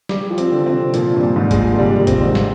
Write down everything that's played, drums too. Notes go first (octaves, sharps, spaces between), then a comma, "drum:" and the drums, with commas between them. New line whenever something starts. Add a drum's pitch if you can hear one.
G3 G4, drum: snare
F3
C4, drum: hi-hat
D3
C4
C3
A#2 F3, drum: hi-hat
G2
A#2
G#2
G#3, drum: kick G1, hi-hat
D3
C3 G3
C3
A#2
C4, drum: kick G1, hi-hat
G#2
C4, drum: snare